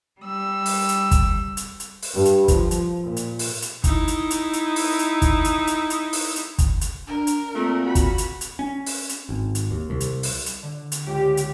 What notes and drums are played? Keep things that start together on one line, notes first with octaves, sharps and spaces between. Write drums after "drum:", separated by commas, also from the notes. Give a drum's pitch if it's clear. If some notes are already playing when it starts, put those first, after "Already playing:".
G3 E6
drum: open hi-hat
drum: hi-hat
drum: kick, hi-hat
drum: hi-hat
drum: hi-hat
drum: open hi-hat
G2
drum: hi-hat
F3, drum: kick, hi-hat
drum: hi-hat
A#2
drum: hi-hat
drum: open hi-hat
drum: hi-hat
D#4 E4, drum: kick, hi-hat
drum: hi-hat
drum: hi-hat
drum: hi-hat
drum: open hi-hat
drum: hi-hat
drum: kick, hi-hat
drum: hi-hat
drum: hi-hat
drum: hi-hat
drum: open hi-hat
drum: hi-hat
drum: kick, hi-hat
drum: hi-hat
D4 A#4
drum: hi-hat
A#2 A3 C4
F#4 B5
drum: kick, hi-hat
drum: hi-hat
drum: hi-hat
C#4
drum: open hi-hat
drum: hi-hat
G#1
drum: hi-hat
D#2
C2
drum: hi-hat
drum: open hi-hat
drum: hi-hat
D3
drum: hi-hat
C#2 G4
drum: hi-hat